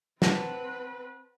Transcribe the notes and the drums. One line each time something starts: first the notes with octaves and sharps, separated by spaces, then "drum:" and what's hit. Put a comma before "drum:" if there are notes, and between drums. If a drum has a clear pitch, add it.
C4 B4 F#5 A5 A#5, drum: snare